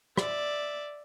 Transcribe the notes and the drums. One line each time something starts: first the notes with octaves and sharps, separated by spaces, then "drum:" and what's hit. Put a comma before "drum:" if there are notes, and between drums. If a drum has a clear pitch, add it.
D5 E5, drum: rim click